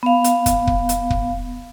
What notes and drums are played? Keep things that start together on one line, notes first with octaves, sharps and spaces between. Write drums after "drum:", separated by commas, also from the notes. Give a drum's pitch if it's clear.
B3 F5
drum: hi-hat
drum: kick, hi-hat
drum: kick
drum: hi-hat
drum: kick